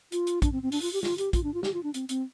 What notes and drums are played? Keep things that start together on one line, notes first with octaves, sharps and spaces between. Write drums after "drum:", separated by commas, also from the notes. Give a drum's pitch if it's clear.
F4, drum: hi-hat
drum: hi-hat
D4, drum: kick, hi-hat
C4
C4
D4, drum: open hi-hat
F4
G4
F4, drum: snare
G4, drum: hi-hat
F4, drum: kick, hi-hat
D4
F4
G4, drum: snare
F4
D4
C4, drum: hi-hat
C4, drum: hi-hat